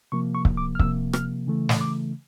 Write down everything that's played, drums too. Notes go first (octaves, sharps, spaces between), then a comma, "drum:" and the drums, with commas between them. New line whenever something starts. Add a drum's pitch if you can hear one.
C3 F3 A#3 C#6
C#6
drum: kick C#1
D6
F6
C3 F3 A#3 E6, drum: kick C#1
F6, drum: rim click
C#3 E3 A3
drum: snare
D6